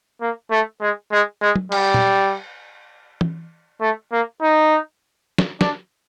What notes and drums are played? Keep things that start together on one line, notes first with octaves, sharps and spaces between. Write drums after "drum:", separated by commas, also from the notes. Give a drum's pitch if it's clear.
A#3
A3
G#3
G#3
G#3
drum: tom
G3, drum: cymbal
drum: tom
drum: tom
A3
A#3
D#4
drum: snare
D4, drum: snare